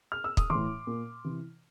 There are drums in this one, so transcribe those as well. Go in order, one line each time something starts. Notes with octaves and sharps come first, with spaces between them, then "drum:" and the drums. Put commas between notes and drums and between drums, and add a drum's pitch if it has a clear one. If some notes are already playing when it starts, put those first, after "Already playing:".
F6
E6
D#6, drum: kick
E3 C6 D6
A2
A#2
C3 E3